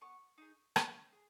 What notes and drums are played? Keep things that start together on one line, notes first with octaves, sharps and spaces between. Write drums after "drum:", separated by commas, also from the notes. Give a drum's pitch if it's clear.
B3 C#6
D#4 G#4
C#4, drum: rim click
G#4